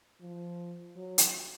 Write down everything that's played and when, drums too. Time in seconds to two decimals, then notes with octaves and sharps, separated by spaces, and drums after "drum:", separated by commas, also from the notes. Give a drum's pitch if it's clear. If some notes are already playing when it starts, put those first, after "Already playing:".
0.21 F3
0.96 F#3
1.18 drum: hi-hat